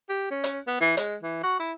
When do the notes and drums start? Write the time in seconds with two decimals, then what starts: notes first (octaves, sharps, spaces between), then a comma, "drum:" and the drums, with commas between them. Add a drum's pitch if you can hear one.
0.09 G4
0.31 C#4
0.44 drum: hi-hat
0.67 B3
0.81 E3
0.97 G#3, drum: hi-hat
1.22 E3
1.43 F#4
1.60 E4